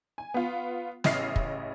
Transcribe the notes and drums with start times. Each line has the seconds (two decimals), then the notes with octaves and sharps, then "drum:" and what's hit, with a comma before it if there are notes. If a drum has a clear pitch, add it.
0.18 G#5
0.34 B3 F4
1.04 A1 C#3 D#5 E5 F6 C7, drum: snare
1.36 drum: kick